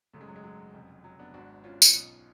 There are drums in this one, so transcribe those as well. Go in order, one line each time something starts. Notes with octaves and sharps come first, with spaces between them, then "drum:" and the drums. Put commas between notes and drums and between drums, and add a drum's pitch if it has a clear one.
G#1 F#2 C#3 A3
G#3
F#3
G#3
F#3
F1 F2 C#3
F#3
B3 D4
G#1 G#2 D4 F#4
C#4 F4
drum: tambourine
B1 B2